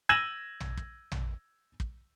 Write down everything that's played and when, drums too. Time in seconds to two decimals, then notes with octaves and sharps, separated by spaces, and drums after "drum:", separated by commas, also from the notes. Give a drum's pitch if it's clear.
0.09 E6 G#6 A#6 D#7 E7 F#7
0.60 drum: tom
0.77 drum: kick
1.12 drum: tom
1.80 drum: kick